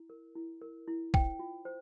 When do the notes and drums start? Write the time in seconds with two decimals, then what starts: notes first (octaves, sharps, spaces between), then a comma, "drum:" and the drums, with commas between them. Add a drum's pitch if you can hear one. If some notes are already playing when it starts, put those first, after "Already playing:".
Already playing: E4
0.10 A#4
0.35 E4
0.62 A#4
0.87 E4
1.14 C5 G5, drum: kick
1.39 F4
1.65 C5